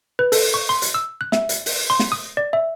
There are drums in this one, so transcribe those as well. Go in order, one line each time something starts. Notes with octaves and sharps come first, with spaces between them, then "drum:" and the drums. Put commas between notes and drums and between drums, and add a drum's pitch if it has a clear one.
B4
A4, drum: open hi-hat
C#6
C6
drum: hi-hat
E6
F#6
E5, drum: snare
drum: hi-hat
drum: open hi-hat
C6
drum: snare
D#6
D5
E5